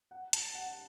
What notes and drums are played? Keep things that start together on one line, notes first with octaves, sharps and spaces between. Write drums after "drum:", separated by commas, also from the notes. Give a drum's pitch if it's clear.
F#5
A5, drum: hi-hat
F#5